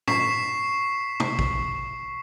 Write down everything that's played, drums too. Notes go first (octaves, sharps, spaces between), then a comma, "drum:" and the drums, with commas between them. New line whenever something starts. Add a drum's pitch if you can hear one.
C#6 B6 C7 E7, drum: tom A2
drum: tom
drum: kick